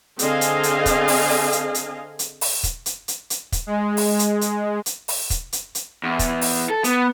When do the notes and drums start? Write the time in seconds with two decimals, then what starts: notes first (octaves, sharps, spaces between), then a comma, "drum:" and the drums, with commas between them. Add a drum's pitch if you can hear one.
0.19 D3 C4 G#4 D#5 F5 G#5, drum: hi-hat
0.41 drum: hi-hat
0.63 drum: hi-hat
0.86 drum: kick, hi-hat
1.08 drum: open hi-hat
1.30 drum: open hi-hat
1.52 drum: hi-hat
1.75 drum: hi-hat
2.19 drum: hi-hat
2.41 drum: open hi-hat
2.63 drum: kick, hi-hat
2.86 drum: hi-hat
3.08 drum: hi-hat
3.30 drum: hi-hat
3.52 drum: kick, hi-hat
3.67 G#3
3.97 drum: open hi-hat
4.19 drum: hi-hat
4.41 drum: hi-hat
4.86 drum: hi-hat
5.08 drum: open hi-hat
5.30 drum: kick, hi-hat
5.53 drum: hi-hat
5.75 drum: hi-hat
6.03 E2
6.19 drum: kick, hi-hat
6.41 drum: open hi-hat
6.70 A4
6.84 B3, drum: hi-hat